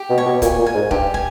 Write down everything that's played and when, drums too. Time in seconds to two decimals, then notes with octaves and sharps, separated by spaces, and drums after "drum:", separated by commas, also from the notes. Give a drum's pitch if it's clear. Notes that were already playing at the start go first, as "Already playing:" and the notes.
Already playing: G4
0.10 B2
0.18 C#5
0.26 B2
0.42 A#2 G#5, drum: kick, hi-hat
0.58 A#2
0.66 G#5
0.74 G#2
0.91 G2 G4, drum: kick
1.14 G#5, drum: kick